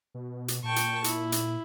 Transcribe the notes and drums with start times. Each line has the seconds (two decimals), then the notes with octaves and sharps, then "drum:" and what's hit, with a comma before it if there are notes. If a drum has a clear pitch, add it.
0.15 B2
0.48 drum: hi-hat
0.63 A#2 G5 A5 C#6
0.76 drum: hi-hat
1.04 E4, drum: hi-hat
1.32 drum: hi-hat